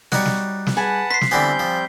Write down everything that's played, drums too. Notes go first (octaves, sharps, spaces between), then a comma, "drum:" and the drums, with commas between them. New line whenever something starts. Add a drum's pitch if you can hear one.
G3 D#4 F#4 C#5 C#6 F#6, drum: snare
drum: snare
drum: snare
G#4 B4 F#5 G#5 A5
C6 B6 C7
drum: snare
D3 E3 G3 B3 C4 G#5 G6
F3